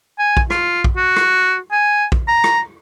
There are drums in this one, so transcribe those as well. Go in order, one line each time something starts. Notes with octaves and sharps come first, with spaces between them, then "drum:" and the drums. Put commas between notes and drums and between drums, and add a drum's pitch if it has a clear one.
G#5
drum: kick A#1
F4, drum: rim click
drum: kick A#1
F#4
drum: rim click
G#5
drum: kick A#1
A#5
drum: rim click